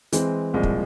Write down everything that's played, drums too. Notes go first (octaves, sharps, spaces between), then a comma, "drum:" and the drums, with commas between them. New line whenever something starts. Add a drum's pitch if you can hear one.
E3 G#3 C4, drum: hi-hat
C2 A#2 F3 G#3
drum: kick